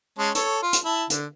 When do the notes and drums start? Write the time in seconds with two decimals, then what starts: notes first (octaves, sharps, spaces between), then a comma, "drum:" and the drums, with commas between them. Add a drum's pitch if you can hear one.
0.19 G#3 C#4 A5
0.35 A4 C#5, drum: hi-hat
0.63 F4
0.73 drum: hi-hat
0.85 E4 A5
1.10 D3, drum: hi-hat